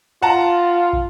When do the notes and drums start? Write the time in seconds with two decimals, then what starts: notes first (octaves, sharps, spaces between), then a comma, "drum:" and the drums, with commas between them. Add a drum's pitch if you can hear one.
0.22 F4 F#5 A5 A#5
0.93 drum: kick